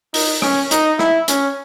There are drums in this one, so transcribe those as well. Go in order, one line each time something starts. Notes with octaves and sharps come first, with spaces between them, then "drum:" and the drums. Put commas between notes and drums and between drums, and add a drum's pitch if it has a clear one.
D#4, drum: open hi-hat
C#4, drum: rim click
D#4, drum: hi-hat
E4, drum: rim click
C#4, drum: hi-hat